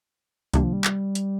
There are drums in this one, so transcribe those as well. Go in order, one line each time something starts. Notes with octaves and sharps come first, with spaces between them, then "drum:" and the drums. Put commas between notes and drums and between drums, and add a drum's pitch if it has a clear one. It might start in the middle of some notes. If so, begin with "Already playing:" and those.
C3 D#3 G3 A#3 D4, drum: kick C2, hi-hat
F3
G3
drum: clap
drum: hi-hat